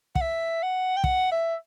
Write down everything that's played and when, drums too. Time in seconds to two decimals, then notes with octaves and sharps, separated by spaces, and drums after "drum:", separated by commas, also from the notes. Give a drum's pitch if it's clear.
0.15 F#5, drum: kick
0.21 E5
0.63 F#5
0.96 G5
1.04 F#5, drum: kick
1.31 E5